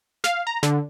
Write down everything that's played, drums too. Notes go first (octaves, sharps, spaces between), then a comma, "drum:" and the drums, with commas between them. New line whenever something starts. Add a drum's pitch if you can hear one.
F5, drum: snare
A#5
D3, drum: snare